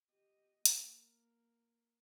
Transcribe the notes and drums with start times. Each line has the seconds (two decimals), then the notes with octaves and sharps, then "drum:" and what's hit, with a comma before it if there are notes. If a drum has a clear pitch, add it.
0.11 G4 D#5
0.66 A#3, drum: hi-hat